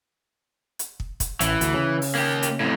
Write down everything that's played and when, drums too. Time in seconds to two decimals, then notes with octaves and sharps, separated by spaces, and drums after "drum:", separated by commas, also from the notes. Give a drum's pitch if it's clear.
0.79 drum: hi-hat
1.00 drum: kick
1.20 drum: kick, hi-hat
1.40 A1 E3, drum: hi-hat
1.61 D2, drum: hi-hat
1.74 C#3
2.02 drum: open hi-hat
2.15 A#3 G4
2.43 drum: hi-hat
2.60 F2 A2